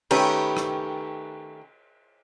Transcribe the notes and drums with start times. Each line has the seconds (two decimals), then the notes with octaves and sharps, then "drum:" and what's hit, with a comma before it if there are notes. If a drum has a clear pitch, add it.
0.11 D#3 A3 C#4 G4 B4, drum: cymbal
0.57 drum: rim click